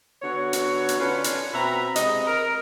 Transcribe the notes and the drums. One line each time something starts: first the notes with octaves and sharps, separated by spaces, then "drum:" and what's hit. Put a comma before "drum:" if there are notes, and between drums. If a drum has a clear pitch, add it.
D3 B3 F#4 C#5
drum: hi-hat
drum: hi-hat
C#4 D4 F4 B4
drum: hi-hat
B2 C4 E5 A#5 B5
C3 G#3 D#5, drum: hi-hat
A#4